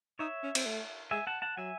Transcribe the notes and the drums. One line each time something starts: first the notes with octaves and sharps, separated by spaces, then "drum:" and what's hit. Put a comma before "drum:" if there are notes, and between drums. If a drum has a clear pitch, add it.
D#4 C#5 E5
C#4
C4, drum: cymbal
A3
G#3 E5 G#5
F#5 A5
F#5 A5
F#3 E5 G#5